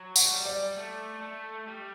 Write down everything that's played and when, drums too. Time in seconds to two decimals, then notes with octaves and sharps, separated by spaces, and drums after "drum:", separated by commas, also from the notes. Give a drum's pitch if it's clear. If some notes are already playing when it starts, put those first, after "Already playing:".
Already playing: F#3
0.16 F#5, drum: tambourine
0.25 A3
0.31 G3
0.46 D5
0.77 A3
1.21 A3
1.68 G3